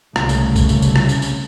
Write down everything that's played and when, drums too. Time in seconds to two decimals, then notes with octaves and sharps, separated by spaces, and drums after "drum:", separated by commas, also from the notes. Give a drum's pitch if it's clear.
0.16 C2 C#3 A3, drum: rim click
0.29 drum: tambourine
0.56 drum: kick B1, tambourine
0.69 drum: tambourine
0.82 drum: tambourine
0.96 drum: rim click
1.09 drum: tambourine
1.22 drum: tambourine